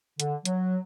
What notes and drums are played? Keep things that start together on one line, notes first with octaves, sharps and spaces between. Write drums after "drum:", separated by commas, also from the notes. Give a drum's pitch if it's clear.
D3, drum: hi-hat
F#3, drum: hi-hat